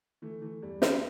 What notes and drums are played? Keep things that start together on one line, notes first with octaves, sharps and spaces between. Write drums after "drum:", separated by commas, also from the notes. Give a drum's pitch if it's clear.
E3 A3
E3 A3
E2 G3
E2 G3, drum: snare